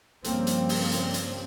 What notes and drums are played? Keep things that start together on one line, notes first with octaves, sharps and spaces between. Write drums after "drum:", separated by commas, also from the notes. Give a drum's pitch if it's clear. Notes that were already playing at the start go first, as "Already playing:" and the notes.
G2 C#3 F3 G3 A#3 C4, drum: hi-hat
drum: hi-hat
drum: open hi-hat
drum: hi-hat
drum: hi-hat